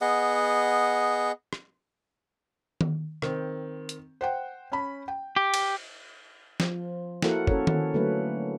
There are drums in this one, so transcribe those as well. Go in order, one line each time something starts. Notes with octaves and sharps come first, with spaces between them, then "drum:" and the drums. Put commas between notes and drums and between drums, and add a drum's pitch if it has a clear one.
B3 G#4 D#5 F#5
drum: rim click
drum: tom D#3
D#3 C4, drum: rim click
drum: hi-hat
C5 F#5 G5
C#4 B5
G5
G4
drum: cymbal
F3, drum: snare
A#3 E4 F#4 A4 A#4 F#5, drum: snare
C#4 A4 A#4 C#5, drum: kick
drum: tom D#3
D3 F#3 A3 A#3 B4 C#5